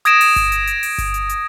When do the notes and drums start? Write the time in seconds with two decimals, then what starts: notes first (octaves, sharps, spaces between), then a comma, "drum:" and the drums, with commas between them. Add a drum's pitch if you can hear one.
0.05 D#6 G#6 A#6 D7 E7, drum: hi-hat
0.21 drum: open hi-hat
0.36 drum: kick G1, hi-hat
0.52 drum: hi-hat
0.67 drum: hi-hat
0.83 drum: open hi-hat
0.98 drum: kick G1, hi-hat
1.14 drum: hi-hat
1.29 drum: hi-hat